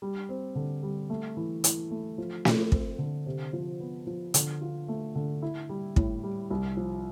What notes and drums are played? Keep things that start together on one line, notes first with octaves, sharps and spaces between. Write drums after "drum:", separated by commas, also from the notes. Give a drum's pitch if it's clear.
G3
C4
D3
G3
A3
E3
E3, drum: hi-hat
A3
F3
F3, drum: snare
C4, drum: kick
D3
C3
F3
B3
F3
D3, drum: hi-hat
F4
A3
D3
E4
G3
A2, drum: kick
G3
C2
F3